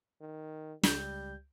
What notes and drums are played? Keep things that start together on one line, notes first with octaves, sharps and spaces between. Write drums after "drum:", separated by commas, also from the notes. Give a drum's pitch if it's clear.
D#3
C#2 G3 G6, drum: snare